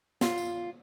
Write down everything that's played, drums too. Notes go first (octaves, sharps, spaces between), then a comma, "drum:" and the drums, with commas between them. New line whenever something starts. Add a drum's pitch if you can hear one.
F4, drum: snare
drum: tambourine